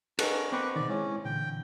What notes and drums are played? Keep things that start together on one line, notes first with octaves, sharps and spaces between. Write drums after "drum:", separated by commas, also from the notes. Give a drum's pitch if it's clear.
C#4 A4 A#4 F#6, drum: cymbal
C4 B4 G5 C#6 D6
B2 D3 D#3 D5
G#3 C#4 E4 C#5
A#2 D3 E3 G5